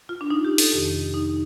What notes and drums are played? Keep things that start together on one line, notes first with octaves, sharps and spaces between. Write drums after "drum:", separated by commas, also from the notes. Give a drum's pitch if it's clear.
F4
D4
D#4
G4
A4, drum: open hi-hat
F2 C3 D#3 G4
D#4